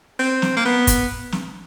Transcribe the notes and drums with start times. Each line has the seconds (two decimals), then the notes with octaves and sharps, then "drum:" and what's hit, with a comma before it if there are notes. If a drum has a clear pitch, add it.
0.19 C4
0.42 drum: snare
0.56 A#3
0.65 B3
0.87 drum: kick, hi-hat
1.32 drum: snare